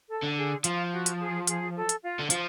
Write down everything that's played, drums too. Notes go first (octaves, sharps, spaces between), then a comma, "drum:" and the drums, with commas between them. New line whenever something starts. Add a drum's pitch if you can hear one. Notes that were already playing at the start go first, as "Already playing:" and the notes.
A4
D3
G#4
F3 F4, drum: hi-hat
F#4
drum: hi-hat
G#4
G#4, drum: hi-hat
A4
drum: hi-hat
F4
D3
F3 F4, drum: hi-hat